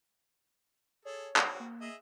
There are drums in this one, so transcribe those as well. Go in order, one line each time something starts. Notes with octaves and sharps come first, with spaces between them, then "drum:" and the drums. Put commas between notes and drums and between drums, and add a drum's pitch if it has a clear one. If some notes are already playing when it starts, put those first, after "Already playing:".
G#4 A4 C#5
C4 F#4, drum: clap
A#3
G#4 D#5 E5